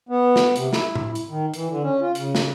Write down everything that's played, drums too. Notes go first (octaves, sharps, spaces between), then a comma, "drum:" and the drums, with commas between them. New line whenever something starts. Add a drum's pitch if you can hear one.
B3
drum: snare
C3, drum: hi-hat
E4, drum: snare
drum: tom A2
drum: hi-hat
D#3
E3, drum: hi-hat
D3
C#4
F4
C#3, drum: hi-hat
drum: snare